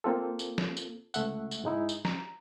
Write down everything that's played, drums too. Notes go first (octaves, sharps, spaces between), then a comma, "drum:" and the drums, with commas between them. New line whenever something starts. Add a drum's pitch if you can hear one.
A#3 C4 F4 A4
drum: tambourine
drum: snare
drum: tambourine
C#2 A3 E5 F#5, drum: tambourine
drum: tambourine
G#2 G#3 D#4 E4
drum: tambourine
A#5, drum: snare